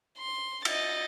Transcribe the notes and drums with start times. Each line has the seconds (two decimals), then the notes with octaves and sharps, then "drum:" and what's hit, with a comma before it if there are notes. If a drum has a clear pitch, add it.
0.18 C6
0.65 D#5 A6, drum: cymbal